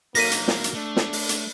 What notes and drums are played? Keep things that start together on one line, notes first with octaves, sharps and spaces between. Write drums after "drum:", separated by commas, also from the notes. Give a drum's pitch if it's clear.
F#3 A#3 D#4 F#4 A#6 B6 D#7, drum: open hi-hat
drum: hi-hat
drum: snare
drum: hi-hat
A3 D4
drum: snare
drum: open hi-hat
drum: hi-hat